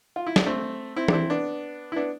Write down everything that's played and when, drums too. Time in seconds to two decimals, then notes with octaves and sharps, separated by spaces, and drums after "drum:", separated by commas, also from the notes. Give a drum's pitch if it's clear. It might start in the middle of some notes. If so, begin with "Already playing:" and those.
0.16 F4
0.27 E4
0.36 D4, drum: snare
0.46 A3 C4
0.96 C4 E4
1.08 D4, drum: tom E3
1.13 C4 E4
1.30 B3 D4
1.92 E4
1.96 B3 D4